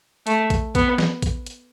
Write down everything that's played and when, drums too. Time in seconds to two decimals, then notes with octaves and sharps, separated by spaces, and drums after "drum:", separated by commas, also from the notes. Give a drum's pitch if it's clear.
0.27 A3, drum: hi-hat
0.50 drum: kick A1, hi-hat
0.75 B3, drum: kick A1, hi-hat
0.98 drum: snare
1.22 drum: kick A1, hi-hat
1.46 drum: hi-hat